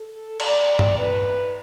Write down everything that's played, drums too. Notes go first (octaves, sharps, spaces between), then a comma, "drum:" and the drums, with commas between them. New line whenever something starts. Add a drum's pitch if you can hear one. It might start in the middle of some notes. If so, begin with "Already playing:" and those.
Already playing: A4
D5, drum: cymbal
drum: tom G2
B2 A3 C4 E4 B4